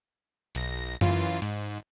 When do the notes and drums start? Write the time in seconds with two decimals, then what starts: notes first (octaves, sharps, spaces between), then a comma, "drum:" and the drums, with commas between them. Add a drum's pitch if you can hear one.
0.55 B1 A#6, drum: hi-hat
1.01 F#2 E3 F4, drum: tom F#2
1.42 G#2, drum: hi-hat